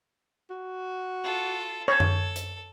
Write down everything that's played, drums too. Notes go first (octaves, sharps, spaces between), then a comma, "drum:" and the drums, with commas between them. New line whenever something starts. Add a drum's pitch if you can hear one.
F#4
F4 A4
A4 C#5
drum: tom F#2
drum: hi-hat